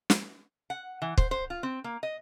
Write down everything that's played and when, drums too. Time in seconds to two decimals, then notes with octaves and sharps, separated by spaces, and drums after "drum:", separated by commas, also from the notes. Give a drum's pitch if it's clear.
0.10 drum: snare
0.70 F#5
1.02 E3
1.18 C5, drum: kick
1.31 C5
1.50 F4
1.63 C4
1.84 A#3
2.03 D#5